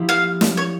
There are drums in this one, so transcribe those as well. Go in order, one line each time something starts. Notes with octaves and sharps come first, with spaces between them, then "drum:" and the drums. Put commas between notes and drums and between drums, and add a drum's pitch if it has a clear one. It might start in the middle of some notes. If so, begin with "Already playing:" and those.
Already playing: F3 A#3 E4 G4
F5
drum: snare
C#5